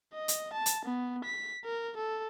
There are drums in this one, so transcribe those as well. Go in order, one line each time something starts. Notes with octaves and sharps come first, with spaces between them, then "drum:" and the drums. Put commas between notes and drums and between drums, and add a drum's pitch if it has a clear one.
D#5
drum: hi-hat
A5
drum: hi-hat
B3
B6
A#4
A4